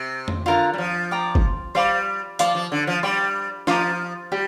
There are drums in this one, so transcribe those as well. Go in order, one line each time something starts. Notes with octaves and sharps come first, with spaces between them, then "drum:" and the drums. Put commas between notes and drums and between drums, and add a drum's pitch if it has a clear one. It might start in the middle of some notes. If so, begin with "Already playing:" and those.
Already playing: C3
drum: tom F2
D3 F4 A#4 F5 A#5
G3
F3
D5 G5 A#5
drum: kick
G3 C5 F5 D6
F3 D5 F5 C6, drum: hi-hat
F3
D3
F3
G3 D5 G5 C6
F3 F4 C5 A#5 D6, drum: snare
G3 G4